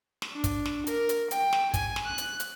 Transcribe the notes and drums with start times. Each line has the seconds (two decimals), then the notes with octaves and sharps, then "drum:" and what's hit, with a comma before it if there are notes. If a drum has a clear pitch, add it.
0.22 drum: snare
0.33 D4
0.44 drum: kick, hi-hat
0.65 drum: snare
0.87 A#4, drum: hi-hat
1.09 drum: hi-hat
1.31 G5, drum: hi-hat
1.53 drum: snare
1.74 G#5, drum: kick, hi-hat
1.96 drum: snare
2.06 F#6
2.18 drum: hi-hat
2.40 drum: hi-hat